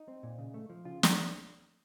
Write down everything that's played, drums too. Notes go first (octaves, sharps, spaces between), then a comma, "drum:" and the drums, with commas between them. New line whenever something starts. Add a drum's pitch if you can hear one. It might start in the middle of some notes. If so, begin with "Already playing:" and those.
Already playing: D#4
C4
A#2
C#3
A3
F3
C#3 F4
drum: snare